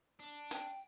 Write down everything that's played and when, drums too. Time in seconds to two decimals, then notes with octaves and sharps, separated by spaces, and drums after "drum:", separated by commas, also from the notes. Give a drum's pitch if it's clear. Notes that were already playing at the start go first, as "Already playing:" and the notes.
0.20 D4
0.51 G5, drum: hi-hat